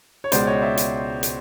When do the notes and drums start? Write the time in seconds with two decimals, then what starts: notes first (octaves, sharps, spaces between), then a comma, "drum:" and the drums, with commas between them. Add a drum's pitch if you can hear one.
0.24 C#5
0.32 C#2 B2 G#3 C5 D5, drum: hi-hat
0.47 C#5 D#5
0.62 D5 E5
0.77 drum: hi-hat
1.23 drum: hi-hat